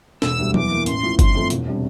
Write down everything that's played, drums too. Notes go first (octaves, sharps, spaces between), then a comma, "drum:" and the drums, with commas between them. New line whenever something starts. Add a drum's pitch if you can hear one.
E1 E6, drum: snare
D2 D3 G3
E2 D6, drum: tom F#3
E3 A#3
A1 C6, drum: hi-hat
A2 F3
G1 C6, drum: kick G1, hi-hat
F2 E3 A3 E4
E1, drum: hi-hat
C3 G3 D4